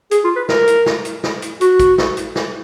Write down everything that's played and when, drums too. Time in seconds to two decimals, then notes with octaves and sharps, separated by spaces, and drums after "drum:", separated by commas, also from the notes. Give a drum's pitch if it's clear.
0.11 G#4, drum: hi-hat
0.24 F4
0.36 B4
0.49 A#4, drum: snare
0.67 drum: hi-hat
0.86 drum: snare
1.05 drum: hi-hat
1.23 drum: snare
1.42 drum: hi-hat
1.61 F#4, drum: hi-hat
1.79 drum: kick, hi-hat
1.98 drum: snare
2.17 drum: hi-hat
2.35 drum: snare